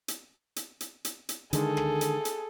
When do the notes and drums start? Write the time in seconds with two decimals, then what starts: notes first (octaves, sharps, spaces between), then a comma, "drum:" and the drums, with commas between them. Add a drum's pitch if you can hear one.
0.08 drum: hi-hat
0.56 drum: hi-hat
0.80 drum: hi-hat
1.05 drum: hi-hat
1.29 drum: hi-hat
1.53 D3 D#3 G#3 G#4 A4, drum: hi-hat
1.77 drum: rim click
2.01 drum: hi-hat
2.25 drum: hi-hat